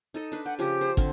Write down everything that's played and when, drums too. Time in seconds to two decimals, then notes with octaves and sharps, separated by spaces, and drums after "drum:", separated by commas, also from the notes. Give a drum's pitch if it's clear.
0.14 D#4 A4 D#5
0.32 D4 B4
0.46 F#5 G5
0.59 C#3 F3 G4
0.81 C5
0.97 D3 C4, drum: kick